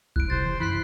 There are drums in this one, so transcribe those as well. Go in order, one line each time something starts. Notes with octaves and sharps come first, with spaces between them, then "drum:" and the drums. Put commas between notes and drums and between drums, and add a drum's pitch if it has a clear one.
F1 E4 F#6 D7, drum: kick B1
C3 C5 A6
E3
F#2 E4 B5 C6 F#6 C7